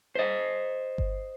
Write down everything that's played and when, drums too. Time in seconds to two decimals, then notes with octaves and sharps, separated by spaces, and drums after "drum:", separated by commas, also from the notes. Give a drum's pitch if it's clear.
0.15 C5 D#5
0.98 drum: kick G1